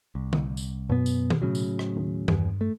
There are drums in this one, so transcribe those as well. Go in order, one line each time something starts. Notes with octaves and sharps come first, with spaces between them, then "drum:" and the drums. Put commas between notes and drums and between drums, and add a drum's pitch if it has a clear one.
C2
drum: tom D3
drum: tambourine
F#2 B2 B3
drum: tambourine
drum: tom D#3
A2 C#3 F#3
drum: tambourine
drum: rim click
D#2
E2 G2, drum: tom D#3
A3